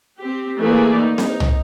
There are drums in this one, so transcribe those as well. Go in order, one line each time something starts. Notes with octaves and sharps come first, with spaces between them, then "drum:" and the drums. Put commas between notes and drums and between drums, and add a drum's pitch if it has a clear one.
C4 G4
E3 A3 A#3 G#4 D5
D#4
drum: snare C4
drum: tom